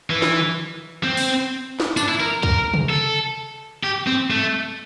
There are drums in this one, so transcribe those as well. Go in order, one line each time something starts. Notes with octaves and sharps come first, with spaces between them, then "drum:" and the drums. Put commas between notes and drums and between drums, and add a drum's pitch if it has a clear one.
E3
drum: snare
C4
drum: open hi-hat
drum: snare
D4, drum: tambourine
E4
A#4
A#4, drum: kick
drum: tom C3
A4
G4
C4
A3